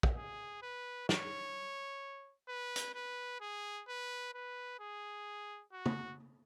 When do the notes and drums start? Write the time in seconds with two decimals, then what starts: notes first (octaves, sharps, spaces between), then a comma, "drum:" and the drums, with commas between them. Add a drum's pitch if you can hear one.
0.03 drum: kick
0.17 G#4
0.63 B4
1.09 C#5, drum: snare
2.48 B4
2.76 drum: hi-hat
2.95 B4
3.41 G#4
3.88 B4
4.34 B4
4.80 G#4
5.73 F#4
5.86 drum: tom